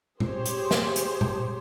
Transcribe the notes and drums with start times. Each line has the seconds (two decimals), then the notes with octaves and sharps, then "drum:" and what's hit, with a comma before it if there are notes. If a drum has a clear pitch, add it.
0.20 G4 G#4 C5 C#5, drum: tom A#2
0.46 drum: hi-hat
0.71 drum: snare
0.96 drum: hi-hat
1.21 drum: tom A#2